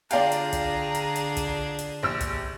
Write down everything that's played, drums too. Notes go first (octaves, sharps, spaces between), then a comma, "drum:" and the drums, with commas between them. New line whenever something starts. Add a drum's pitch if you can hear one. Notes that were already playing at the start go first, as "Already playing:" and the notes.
D3 D4 F4 G#4 D5 F5 G5 A#5, drum: hi-hat
drum: hi-hat
drum: kick, hi-hat
drum: hi-hat
drum: hi-hat
drum: kick, hi-hat
drum: hi-hat
A#1 G4 E6
drum: kick, hi-hat